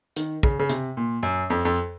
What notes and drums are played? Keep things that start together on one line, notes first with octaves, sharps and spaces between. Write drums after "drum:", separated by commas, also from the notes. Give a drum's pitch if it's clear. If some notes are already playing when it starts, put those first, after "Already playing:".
D#3, drum: hi-hat
C#3, drum: kick
C#3
C3, drum: hi-hat
A#2
F#2
F2
F2